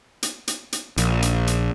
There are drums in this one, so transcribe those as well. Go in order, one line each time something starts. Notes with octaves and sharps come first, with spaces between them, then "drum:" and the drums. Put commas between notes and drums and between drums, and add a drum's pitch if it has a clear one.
drum: hi-hat
drum: hi-hat
drum: hi-hat
A#1, drum: hi-hat
drum: hi-hat
drum: hi-hat